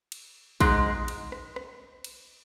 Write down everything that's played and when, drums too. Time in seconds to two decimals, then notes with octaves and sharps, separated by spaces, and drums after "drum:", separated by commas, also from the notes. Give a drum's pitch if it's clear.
0.12 drum: cymbal
0.60 G#2 G#3, drum: kick, cymbal
1.08 drum: cymbal
1.32 drum: rim click
1.56 drum: rim click
2.04 drum: cymbal